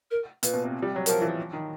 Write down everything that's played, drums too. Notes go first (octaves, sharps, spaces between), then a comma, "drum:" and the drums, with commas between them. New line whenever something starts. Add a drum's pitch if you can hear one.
A#4
A#2 B4, drum: hi-hat
B2
C3
G3
F#3
F3 A#4, drum: hi-hat
E3
D#3